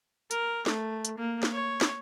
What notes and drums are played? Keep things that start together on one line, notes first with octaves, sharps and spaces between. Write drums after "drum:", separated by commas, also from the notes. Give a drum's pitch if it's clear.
A#4, drum: hi-hat
A3, drum: snare
drum: hi-hat
A#3
drum: snare
C#5
drum: snare